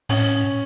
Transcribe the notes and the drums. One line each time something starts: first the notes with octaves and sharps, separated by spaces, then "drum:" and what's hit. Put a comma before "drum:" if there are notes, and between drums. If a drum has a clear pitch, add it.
A2 C#4, drum: open hi-hat